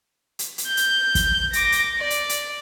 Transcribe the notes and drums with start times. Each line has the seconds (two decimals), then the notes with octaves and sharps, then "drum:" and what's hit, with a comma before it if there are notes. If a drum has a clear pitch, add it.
0.39 drum: hi-hat
0.58 drum: hi-hat
0.67 G6
0.77 drum: hi-hat
1.15 drum: kick, hi-hat
1.53 D6 A#6, drum: hi-hat
1.72 drum: hi-hat
1.99 D5
2.10 drum: hi-hat
2.29 drum: hi-hat